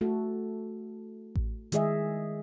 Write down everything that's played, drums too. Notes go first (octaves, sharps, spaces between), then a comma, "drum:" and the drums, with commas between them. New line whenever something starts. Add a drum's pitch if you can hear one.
A3 F#4 A4
drum: kick A1
D#3 G#3 G#4 D#5 E5, drum: hi-hat